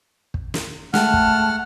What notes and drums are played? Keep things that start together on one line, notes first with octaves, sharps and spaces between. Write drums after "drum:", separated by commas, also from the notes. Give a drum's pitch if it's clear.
drum: kick
drum: snare
G#3 A3 F#5 G5 A5 F6, drum: snare
drum: kick